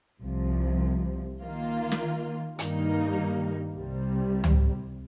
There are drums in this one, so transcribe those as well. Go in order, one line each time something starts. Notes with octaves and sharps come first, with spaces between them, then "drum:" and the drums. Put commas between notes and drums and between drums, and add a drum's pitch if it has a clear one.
C2 C3 F3
D#3 A#3 F4
drum: snare
G2 D#3 G3 A#3 D#4, drum: hi-hat
C2 C3 G3
drum: tom C#2